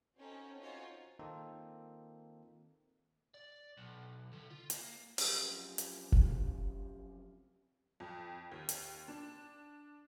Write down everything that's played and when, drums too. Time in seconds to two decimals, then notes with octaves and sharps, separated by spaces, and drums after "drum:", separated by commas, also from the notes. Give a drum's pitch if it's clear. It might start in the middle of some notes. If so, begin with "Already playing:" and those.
0.19 C4 C#4 D#4 F#4 A4 C#5
0.60 C#4 D#4 F4 F#4 C5 C#5
1.19 D#3 A#3 C4 D#4 F4 A4
3.34 D5
3.77 B1
4.33 D3
4.51 F4
4.70 A#3, drum: hi-hat
5.18 F#2 C3 F3, drum: open hi-hat
5.78 drum: hi-hat
6.12 drum: kick F1
8.00 F2
8.52 D#2
8.69 drum: hi-hat
9.08 D4